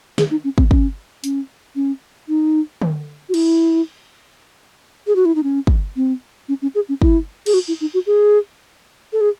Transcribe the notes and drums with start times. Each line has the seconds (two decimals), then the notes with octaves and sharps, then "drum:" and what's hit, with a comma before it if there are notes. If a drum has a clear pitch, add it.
0.18 G#4, drum: snare
0.31 D#4
0.44 C#4
0.58 C4, drum: kick
0.71 C#4, drum: kick
1.24 C#4, drum: hi-hat
1.76 C#4
2.28 D#4
2.82 drum: tom D3
3.29 F#4
3.34 E4, drum: cymbal
5.07 G#4
5.16 F#4
5.25 E4
5.35 D#4
5.43 C#4
5.67 drum: kick
5.96 C4
6.49 C#4
6.62 C#4
6.75 G#4
6.89 C#4
7.02 E4, drum: kick
7.46 G#4, drum: cymbal
7.54 F#4
7.68 E4
7.81 D#4
7.94 F#4
8.07 G#4
9.13 A4
9.21 G#4